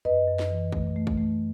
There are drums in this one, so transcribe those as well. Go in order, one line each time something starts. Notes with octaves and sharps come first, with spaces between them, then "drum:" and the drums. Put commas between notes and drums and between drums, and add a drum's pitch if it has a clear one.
F#2 B4 D#5, drum: tom E2
F#2
drum: snare
E3
A3, drum: kick
A3
drum: kick
A3